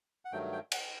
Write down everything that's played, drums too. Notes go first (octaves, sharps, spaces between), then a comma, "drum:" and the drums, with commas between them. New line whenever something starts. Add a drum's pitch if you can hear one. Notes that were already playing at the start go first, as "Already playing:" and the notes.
F#5
G2 D#3 F#3 A3 G5
G5
F#5, drum: cymbal